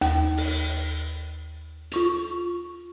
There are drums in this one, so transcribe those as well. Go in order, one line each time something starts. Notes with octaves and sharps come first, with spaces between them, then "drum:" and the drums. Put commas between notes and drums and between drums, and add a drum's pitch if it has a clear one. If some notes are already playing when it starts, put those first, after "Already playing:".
D#2, drum: hi-hat
drum: open hi-hat
F4 C#6 F7, drum: hi-hat